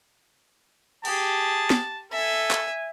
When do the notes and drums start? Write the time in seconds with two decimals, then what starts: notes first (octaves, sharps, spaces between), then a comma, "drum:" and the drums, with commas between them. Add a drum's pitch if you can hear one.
1.05 G4 G#4 A5, drum: cymbal
1.70 drum: snare
2.12 A4 E5 G#5
2.51 drum: clap